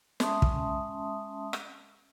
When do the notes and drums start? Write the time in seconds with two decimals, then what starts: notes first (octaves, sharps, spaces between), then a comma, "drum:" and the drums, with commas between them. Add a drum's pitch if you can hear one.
0.20 G#3 C#4 E5 A5 C6 D#6, drum: snare
0.42 drum: kick
1.53 drum: rim click